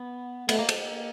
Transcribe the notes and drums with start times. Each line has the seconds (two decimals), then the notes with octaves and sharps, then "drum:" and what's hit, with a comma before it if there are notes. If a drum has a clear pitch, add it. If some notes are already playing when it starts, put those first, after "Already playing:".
Already playing: B3
0.49 A3 B3, drum: cymbal
0.59 A#3
0.69 A3, drum: cymbal
0.78 A#3